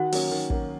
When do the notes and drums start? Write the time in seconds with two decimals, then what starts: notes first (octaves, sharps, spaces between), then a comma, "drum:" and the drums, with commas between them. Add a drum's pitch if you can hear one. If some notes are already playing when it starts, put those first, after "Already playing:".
Already playing: D#3 F#4 F#5
0.12 F#3 A#3 C#4, drum: open hi-hat
0.31 D#3
0.50 F#3 A#3 C#4, drum: kick